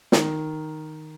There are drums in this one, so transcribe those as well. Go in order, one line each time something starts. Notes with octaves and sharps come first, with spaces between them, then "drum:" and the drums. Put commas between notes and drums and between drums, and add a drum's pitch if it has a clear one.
D#3, drum: snare